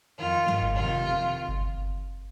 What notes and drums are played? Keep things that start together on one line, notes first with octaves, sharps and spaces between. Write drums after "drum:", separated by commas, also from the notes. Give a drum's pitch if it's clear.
F2 D#3 F4
G#2 D#3, drum: snare
drum: kick G1
F2 C3 D#3 F4
F2 C3 D#3
drum: kick G1
drum: kick G1